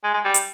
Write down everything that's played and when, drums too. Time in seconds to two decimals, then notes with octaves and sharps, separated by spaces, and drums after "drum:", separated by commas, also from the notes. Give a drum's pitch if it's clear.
0.04 G#3
0.14 G#3
0.24 G3
0.34 drum: hi-hat